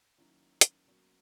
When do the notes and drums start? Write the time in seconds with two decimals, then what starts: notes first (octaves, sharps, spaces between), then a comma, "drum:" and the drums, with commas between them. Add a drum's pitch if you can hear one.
0.18 D#3 F#3 A#3 C#4 E4
0.61 drum: hi-hat
0.85 B2 F#3 A#3 C#4 F#4